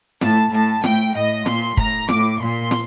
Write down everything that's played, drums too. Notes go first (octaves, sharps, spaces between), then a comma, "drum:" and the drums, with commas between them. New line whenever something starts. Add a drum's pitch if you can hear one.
A2 A5, drum: snare
A2 A5
A2 G5, drum: snare
A2 D#5
A#2 C6, drum: snare
A2 A#5, drum: kick
A2 D6, drum: snare
A#2 C6
drum: snare